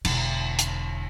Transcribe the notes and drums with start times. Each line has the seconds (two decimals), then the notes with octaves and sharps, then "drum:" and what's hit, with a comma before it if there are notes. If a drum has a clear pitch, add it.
0.05 E1 D3, drum: cymbal
0.59 drum: hi-hat